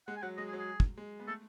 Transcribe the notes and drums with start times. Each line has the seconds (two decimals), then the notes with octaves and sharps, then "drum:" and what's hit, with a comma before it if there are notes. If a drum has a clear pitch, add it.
0.07 G#3 F#5
0.16 G#5
0.22 F#3 F#5
0.37 G#3 D#5
0.47 G#4
0.53 F#3
0.58 G#4
0.80 drum: kick
0.98 G#3
1.20 B3
1.28 A3 A4